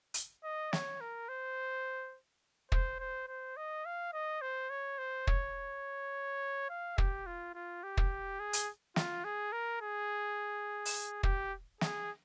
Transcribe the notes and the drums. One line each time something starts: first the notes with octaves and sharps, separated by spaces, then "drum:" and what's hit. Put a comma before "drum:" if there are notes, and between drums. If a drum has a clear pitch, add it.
drum: hi-hat
D#5
C#5, drum: snare
A#4
C5
C5, drum: kick
C5
C5
D#5
F5
D#5
C5
C#5
C5
C#5, drum: kick
F5
G4, drum: kick
F4
F4
G4
drum: kick
G#4
drum: hi-hat
F4, drum: snare
G#4
A#4
G#4
drum: open hi-hat
G4, drum: kick
G#4, drum: snare